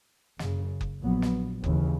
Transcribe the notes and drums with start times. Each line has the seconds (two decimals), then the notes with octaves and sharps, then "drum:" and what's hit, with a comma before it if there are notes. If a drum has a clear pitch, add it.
0.39 F#1 F#2 C#3, drum: snare
0.81 drum: kick F#1
1.02 A#1 A#2 F#3 B3
1.22 drum: snare
1.64 D#2 C#3 E3, drum: kick F#1